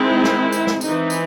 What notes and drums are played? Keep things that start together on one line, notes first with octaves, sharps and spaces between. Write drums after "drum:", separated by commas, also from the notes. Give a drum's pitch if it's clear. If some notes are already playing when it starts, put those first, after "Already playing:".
Already playing: D#3 G#3 C4 E4
drum: snare
drum: tambourine
drum: snare
E3 C4 D#4, drum: tambourine
drum: tambourine